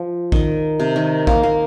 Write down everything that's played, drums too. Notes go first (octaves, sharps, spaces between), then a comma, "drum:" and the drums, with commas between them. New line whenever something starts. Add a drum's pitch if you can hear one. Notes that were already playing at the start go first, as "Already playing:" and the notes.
Already playing: F3
D#3, drum: kick A#1
C3
D#3
A#3, drum: kick A#1
A#3